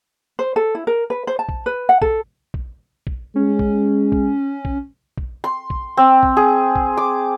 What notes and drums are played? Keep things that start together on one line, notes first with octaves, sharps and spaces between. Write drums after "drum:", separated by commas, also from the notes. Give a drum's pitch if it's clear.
C5
A4
E4
A#4
B4
C5
A5
drum: kick
B4
F#5
A4, drum: kick
drum: kick
drum: kick
G#3 C#4
drum: kick
drum: kick
drum: kick
drum: kick
C6
drum: kick
C4
drum: kick
G#4
drum: kick
D6